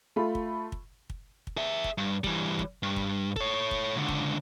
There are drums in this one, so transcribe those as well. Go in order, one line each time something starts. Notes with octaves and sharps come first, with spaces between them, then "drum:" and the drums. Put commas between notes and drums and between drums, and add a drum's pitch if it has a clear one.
A3 F4 B5
drum: kick
drum: kick
drum: kick
drum: kick
G#4 E5
drum: kick
G2
E3 G3, drum: kick
drum: kick
G2
drum: kick
A4 C#5, drum: kick
drum: kick
C#2 D3
drum: kick